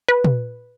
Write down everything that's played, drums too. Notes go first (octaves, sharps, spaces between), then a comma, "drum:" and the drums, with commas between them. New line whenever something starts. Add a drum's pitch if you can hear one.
B4
drum: tom